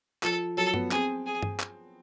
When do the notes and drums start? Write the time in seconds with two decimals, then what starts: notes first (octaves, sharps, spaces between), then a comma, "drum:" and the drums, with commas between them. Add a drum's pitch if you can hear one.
0.23 F3 A4, drum: clap
0.57 F#3 A4
0.74 B3, drum: tom G2
0.91 C4 G#4, drum: clap
1.26 G#4
1.43 drum: tom G2
1.60 drum: clap